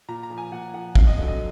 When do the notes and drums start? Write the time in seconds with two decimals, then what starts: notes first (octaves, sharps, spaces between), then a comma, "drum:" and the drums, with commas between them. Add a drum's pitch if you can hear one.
0.08 A#2 A#5
0.23 A#5
0.30 F3
0.38 G#5
0.52 A#2 F#5
0.74 F3 F#5
0.95 F2 F5, drum: kick
1.07 D#5
1.18 D3 F#3
1.28 D#5